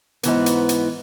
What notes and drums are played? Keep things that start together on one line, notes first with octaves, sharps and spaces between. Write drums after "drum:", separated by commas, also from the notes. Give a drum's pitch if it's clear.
G#2 E3 B3, drum: hi-hat
drum: hi-hat
drum: hi-hat